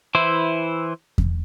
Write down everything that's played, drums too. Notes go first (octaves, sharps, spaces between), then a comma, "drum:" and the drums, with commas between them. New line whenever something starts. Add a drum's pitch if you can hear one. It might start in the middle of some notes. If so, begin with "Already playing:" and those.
E3 E4 C5
drum: kick E2